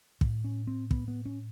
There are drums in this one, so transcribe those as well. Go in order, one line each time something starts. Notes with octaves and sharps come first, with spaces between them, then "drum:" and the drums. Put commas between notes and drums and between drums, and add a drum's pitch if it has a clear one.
A2, drum: kick
C#4
C4
B3, drum: kick
B3
C#4